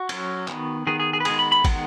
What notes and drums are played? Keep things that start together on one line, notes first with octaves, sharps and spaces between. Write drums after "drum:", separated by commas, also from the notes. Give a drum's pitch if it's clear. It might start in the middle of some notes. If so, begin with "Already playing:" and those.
Already playing: F#4
F#3 C#4, drum: cymbal
D#3 B3, drum: clap
D#3 B3 G#4
G#4
G#4
B4
D#3 G#3 B3 G#4, drum: cymbal
B5
B5
D#3 G#3 B3 F#5, drum: kick, cymbal